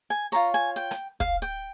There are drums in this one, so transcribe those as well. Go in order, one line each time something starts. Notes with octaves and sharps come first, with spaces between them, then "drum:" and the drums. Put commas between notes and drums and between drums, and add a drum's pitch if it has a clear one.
G#5
F4 G#4 C#5 A#5
G#5
G5
drum: rim click
F5, drum: kick
G5